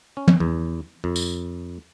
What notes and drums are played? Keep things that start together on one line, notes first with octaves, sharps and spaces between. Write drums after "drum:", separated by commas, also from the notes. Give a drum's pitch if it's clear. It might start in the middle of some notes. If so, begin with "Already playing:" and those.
C#4
drum: tom
E2
F2
drum: tambourine